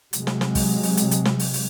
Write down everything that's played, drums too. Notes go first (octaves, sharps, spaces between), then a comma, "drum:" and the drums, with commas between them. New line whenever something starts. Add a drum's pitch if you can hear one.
C3 F#3 G#3, drum: hi-hat
drum: snare
drum: snare
drum: kick, open hi-hat
drum: open hi-hat
drum: hi-hat
drum: hi-hat
drum: snare
drum: open hi-hat
drum: open hi-hat